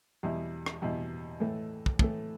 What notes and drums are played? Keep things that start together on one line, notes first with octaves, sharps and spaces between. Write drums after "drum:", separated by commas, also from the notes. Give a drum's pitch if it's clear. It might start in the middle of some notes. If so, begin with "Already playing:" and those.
E2 B2 G3 E4
drum: rim click
E2 B2 G3 E4
A2 E3 A3
drum: kick
A2 E3 A3, drum: kick